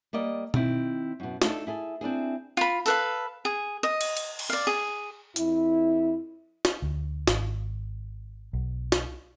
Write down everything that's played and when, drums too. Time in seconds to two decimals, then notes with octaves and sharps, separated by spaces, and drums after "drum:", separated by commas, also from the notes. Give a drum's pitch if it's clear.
0.13 G3 A#3 D5 D#5
0.54 D#3 C4 E4, drum: tom B2
1.20 F#2 B2
1.42 A3 D4 D#4 A4, drum: snare
1.67 E4 G#4 A4
2.01 C4 D4 E4 G#4
2.57 F4 B5
2.86 A4 B4 F5, drum: tambourine
3.45 G#4
3.83 D#5
4.01 drum: cymbal
4.17 drum: cymbal
4.39 drum: cymbal
4.50 D5 F5
4.67 G#4
5.36 F2 E4, drum: hi-hat
6.65 drum: snare
6.82 D2
7.27 G#1, drum: snare
8.53 B1
8.92 drum: snare